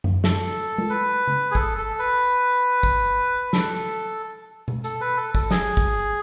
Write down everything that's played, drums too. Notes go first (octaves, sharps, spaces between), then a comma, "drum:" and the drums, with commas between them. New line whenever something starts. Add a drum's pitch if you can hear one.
drum: tom F#2
A4, drum: snare
drum: tom G#3
B4
drum: tom C#3
G#4
A4, drum: kick
A4
B4
drum: kick
A4, drum: snare
drum: tom B2
A4, drum: hi-hat
B4
A4
A4, drum: kick
G#4, drum: snare
drum: kick